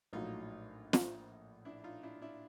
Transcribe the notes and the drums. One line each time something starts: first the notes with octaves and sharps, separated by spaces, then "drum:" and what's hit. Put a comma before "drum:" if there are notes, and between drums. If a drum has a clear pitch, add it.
A#1 A2 F#3 D#4 F4
drum: snare
D4 E4
D#4 F4
D4 E4
D4 E4